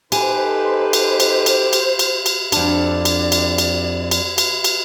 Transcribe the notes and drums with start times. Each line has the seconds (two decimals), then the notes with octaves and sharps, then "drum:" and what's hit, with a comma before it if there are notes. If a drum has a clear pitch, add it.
0.12 D#4 G4 A4 B4 C5 G#5, drum: cymbal
0.93 drum: cymbal
1.20 drum: cymbal
1.46 drum: cymbal
1.73 drum: cymbal
1.99 drum: cymbal
2.26 drum: cymbal
2.52 F2 D4 D5, drum: cymbal
3.05 drum: cymbal
3.32 drum: cymbal
3.58 drum: cymbal
4.11 drum: cymbal
4.38 drum: cymbal
4.64 drum: cymbal